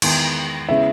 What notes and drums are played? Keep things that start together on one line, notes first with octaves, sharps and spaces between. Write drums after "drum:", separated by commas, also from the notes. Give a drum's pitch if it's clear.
E2 D#3 G#3 B3, drum: cymbal
C#3 G#3 B3 E4 E5